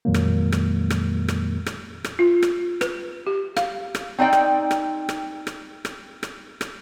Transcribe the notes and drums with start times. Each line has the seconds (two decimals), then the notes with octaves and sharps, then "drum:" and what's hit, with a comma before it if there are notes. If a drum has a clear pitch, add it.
0.05 F2 A#2 D#3 F#3 G#3 A#3
0.14 drum: rim click
0.52 drum: rim click
0.90 drum: rim click
1.28 drum: rim click
1.66 drum: rim click
2.04 drum: rim click
2.19 F4
2.42 drum: rim click
2.81 B4, drum: rim click
3.27 G4
3.57 F5, drum: rim click
3.95 drum: rim click
4.19 C4 D#4 D5 G5
4.33 drum: rim click
4.71 drum: rim click
5.09 drum: rim click
5.47 drum: rim click
5.85 drum: rim click
6.23 drum: rim click
6.61 drum: rim click